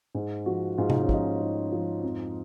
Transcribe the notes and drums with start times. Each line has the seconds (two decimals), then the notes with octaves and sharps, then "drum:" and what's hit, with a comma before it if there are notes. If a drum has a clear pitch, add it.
0.15 G#2
0.46 F3 F#4
0.78 G#2 F4
0.90 D#4, drum: tom C3
1.02 C#4
1.09 F3 D#4, drum: kick
1.41 G#2
1.72 F3
2.03 F2